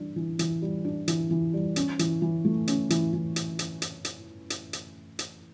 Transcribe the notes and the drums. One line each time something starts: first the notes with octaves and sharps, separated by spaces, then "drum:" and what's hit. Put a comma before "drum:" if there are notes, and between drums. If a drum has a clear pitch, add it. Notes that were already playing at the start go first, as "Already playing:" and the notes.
Already playing: E3 G3 D4
E3
E3, drum: hi-hat
G3
D4
E3, drum: hi-hat
E3
G3
C#4, drum: hi-hat
E3, drum: hi-hat
E3
A3
C#4, drum: hi-hat
E3, drum: hi-hat
E3
drum: hi-hat
drum: hi-hat
drum: hi-hat
drum: hi-hat
drum: hi-hat
drum: hi-hat
drum: hi-hat